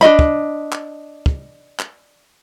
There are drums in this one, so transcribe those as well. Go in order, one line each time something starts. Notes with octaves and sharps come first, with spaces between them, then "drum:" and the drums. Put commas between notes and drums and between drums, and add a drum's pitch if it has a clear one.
D4 F#4 D#5 B5
drum: kick
drum: clap
drum: kick
drum: clap